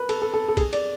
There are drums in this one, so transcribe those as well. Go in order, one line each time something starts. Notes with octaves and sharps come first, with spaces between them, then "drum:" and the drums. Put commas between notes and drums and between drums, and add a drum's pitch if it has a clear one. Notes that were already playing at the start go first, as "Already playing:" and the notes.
Already playing: A#4 B4
A4, drum: cymbal
A4
A4
A4
G#4, drum: kick, cymbal
D5, drum: cymbal